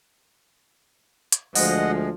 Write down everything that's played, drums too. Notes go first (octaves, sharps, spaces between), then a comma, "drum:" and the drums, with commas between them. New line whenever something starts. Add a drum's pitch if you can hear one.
drum: hi-hat
D2 F3 G#3 D#5 F#5, drum: open hi-hat